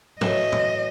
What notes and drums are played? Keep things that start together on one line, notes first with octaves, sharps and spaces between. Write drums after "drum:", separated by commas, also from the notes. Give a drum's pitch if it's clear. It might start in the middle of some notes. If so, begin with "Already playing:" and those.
A2 E3 F#3 D#5, drum: tom
drum: tom